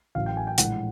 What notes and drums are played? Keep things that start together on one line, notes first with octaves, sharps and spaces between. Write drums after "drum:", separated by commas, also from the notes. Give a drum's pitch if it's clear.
A1 A2 F#3 F5
G5
G#5
G5
A#1 A2 E3 G#3 F#5, drum: hi-hat